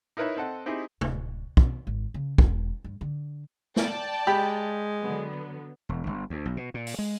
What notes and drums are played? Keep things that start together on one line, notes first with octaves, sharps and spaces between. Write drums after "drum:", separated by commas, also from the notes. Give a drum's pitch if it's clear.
D#4 E4 A#4 B4 C#5 E5
C4 A4 D#5 F#5
C4 D#4 E4 G4 G#4
D1, drum: tom
B2, drum: kick
G#1
C#3
E1, drum: kick
G2
D3
D5 G5 A5, drum: snare
G#3 G4 B5
D3 F#3 B3
E1
G1
D2
B1
B2
A#2
drum: open hi-hat
G#3